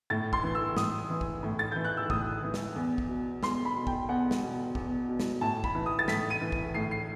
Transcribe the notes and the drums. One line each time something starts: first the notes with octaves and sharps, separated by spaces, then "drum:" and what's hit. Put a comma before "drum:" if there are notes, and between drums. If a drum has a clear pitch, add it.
A2 A6
C6, drum: kick
E3
E6
A2 D#6, drum: snare
E3
drum: kick
A2
A6
E3 G6
F#6
E6
A2 D#6, drum: kick
E3
drum: snare
E2
drum: kick
B2
E2 C6, drum: snare
B5
B2
G5, drum: kick
E2 F#5
drum: snare
B2
E2, drum: kick
B2
drum: snare
A2 A5
B5, drum: kick
E3
D#6
A6
A2 B6, drum: snare
D#7
E3
drum: kick
A2 C7
C7